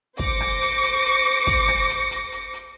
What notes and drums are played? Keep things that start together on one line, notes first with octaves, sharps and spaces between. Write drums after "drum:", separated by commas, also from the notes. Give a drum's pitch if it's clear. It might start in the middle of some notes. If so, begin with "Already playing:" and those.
C5 D6 A#6 C#7, drum: kick, open hi-hat
drum: rim click
drum: hi-hat
drum: hi-hat
drum: hi-hat
drum: kick, open hi-hat
drum: rim click
drum: hi-hat
drum: hi-hat
drum: hi-hat
drum: hi-hat